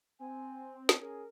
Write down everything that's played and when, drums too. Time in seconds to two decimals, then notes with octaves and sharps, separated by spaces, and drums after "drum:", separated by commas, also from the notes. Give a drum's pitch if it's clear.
0.20 C4 G#5
0.89 drum: snare
1.00 C#4 G#4 A#4